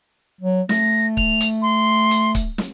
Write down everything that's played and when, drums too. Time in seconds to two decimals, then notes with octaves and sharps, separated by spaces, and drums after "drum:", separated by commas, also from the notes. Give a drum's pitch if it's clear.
0.41 F#3
0.69 A3 A#6, drum: snare
1.17 F7, drum: kick C#1
1.41 drum: hi-hat
1.62 C6
2.11 drum: hi-hat
2.35 drum: kick C#1, hi-hat
2.58 drum: snare